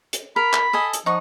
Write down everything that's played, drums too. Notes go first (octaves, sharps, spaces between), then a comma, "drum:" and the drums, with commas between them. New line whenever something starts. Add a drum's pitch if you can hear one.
drum: hi-hat
A#4 B5
drum: clap
A4 D#5 G#5
drum: hi-hat
F3 D#4 F#5 C#6